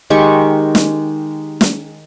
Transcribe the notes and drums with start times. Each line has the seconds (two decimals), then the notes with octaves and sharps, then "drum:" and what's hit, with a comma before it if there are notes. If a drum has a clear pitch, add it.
0.10 D#3 G#3 G4 C#6
0.75 drum: snare
1.61 drum: snare